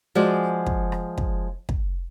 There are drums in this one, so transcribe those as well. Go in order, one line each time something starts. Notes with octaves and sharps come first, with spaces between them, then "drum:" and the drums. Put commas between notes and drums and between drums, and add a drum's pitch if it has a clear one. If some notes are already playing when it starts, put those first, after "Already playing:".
F3 G#3 F#4 G#4 D5
drum: kick
drum: rim click
drum: kick
drum: kick